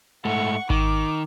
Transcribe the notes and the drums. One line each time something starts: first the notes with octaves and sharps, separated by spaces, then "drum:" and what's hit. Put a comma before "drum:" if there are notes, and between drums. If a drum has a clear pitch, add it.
G#2 A3 F#5 C#6
D#3 D6, drum: kick G#1